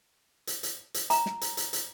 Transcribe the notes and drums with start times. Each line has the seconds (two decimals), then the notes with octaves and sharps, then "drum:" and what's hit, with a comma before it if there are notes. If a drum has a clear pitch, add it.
0.47 drum: hi-hat
0.63 drum: hi-hat
0.94 drum: hi-hat
1.10 A#5, drum: hi-hat
1.26 drum: snare
1.41 drum: hi-hat
1.57 drum: hi-hat
1.73 drum: hi-hat